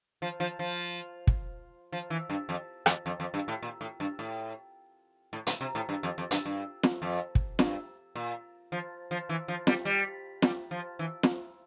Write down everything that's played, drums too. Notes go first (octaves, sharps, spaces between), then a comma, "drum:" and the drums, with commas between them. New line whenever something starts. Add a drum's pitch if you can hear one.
F3
F3
F3
drum: kick
F3
E3
G2
F2
F2, drum: rim click
F2
F2
G2
A2
A#2
A2
G2
A2
A2
A#2, drum: hi-hat
C3
A2
G2
F2
F2
G2, drum: hi-hat
G2
drum: snare
F2
drum: kick
G2, drum: snare
A#2
F3
F3
E3
F3
G3, drum: snare
G3
G3, drum: snare
F3
E3
drum: snare